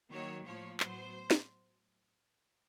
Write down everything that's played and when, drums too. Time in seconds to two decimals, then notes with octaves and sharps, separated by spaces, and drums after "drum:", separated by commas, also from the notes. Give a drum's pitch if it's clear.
0.11 D#3 F#3 A#3 C#5
0.46 A2 F3 A#3 C#5
0.80 A2 F#3 B3 C5, drum: clap
1.31 drum: snare